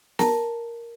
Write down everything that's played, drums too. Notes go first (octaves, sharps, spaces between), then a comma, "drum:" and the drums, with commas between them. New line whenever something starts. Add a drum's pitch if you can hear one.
A#4 A5 A#5, drum: snare